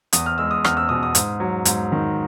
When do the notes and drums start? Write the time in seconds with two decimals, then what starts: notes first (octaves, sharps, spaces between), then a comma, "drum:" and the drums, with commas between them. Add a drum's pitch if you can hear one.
0.13 E2 D#6, drum: hi-hat
0.26 F6
0.38 G#3 E6
0.51 D#6
0.65 E2 F6, drum: rim click
0.77 E6
0.89 B2 D#6
1.03 D#6
1.15 G#2, drum: hi-hat
1.40 F#3
1.65 G#2, drum: hi-hat
1.92 D#3